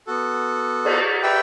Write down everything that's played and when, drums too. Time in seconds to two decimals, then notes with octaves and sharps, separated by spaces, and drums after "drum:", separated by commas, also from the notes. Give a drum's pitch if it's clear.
0.07 B3 F#4 A4
0.85 drum: cymbal
1.22 G4 B4 E5 G5